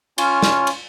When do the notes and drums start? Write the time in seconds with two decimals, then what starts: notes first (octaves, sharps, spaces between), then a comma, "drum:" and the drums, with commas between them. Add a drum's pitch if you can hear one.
0.18 C#4 F4 C#5, drum: cymbal
0.42 drum: snare
0.67 drum: cymbal